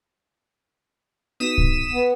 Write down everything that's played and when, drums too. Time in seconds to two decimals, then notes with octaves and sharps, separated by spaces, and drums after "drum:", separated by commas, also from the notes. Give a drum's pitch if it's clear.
1.40 B3 D#4 F#4 D#6 B6 E7
1.58 drum: kick A#1
1.93 B3